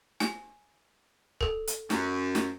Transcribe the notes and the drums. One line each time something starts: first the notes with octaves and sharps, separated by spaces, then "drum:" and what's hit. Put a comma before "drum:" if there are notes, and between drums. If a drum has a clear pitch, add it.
G#5, drum: snare
A4 A#4, drum: kick C#1
drum: hi-hat
F#2, drum: snare
drum: snare